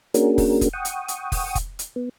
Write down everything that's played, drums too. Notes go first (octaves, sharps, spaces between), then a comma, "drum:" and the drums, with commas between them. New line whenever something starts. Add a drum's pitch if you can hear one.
A#3 C#4 D4 F#4 G#4 A#4, drum: hi-hat
drum: kick, open hi-hat
drum: kick, hi-hat
F#5 G5 C#6 D#6
drum: hi-hat
drum: hi-hat
drum: kick, open hi-hat
drum: kick, hi-hat
drum: hi-hat
B3